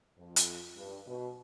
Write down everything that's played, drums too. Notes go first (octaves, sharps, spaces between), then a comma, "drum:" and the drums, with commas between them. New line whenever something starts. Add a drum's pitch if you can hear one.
F2
drum: hi-hat
G2
B2